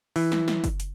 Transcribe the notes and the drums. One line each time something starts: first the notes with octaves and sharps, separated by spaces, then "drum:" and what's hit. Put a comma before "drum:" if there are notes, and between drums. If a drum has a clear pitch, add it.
E3, drum: open hi-hat
drum: snare
drum: snare
drum: kick F#1, hi-hat
drum: hi-hat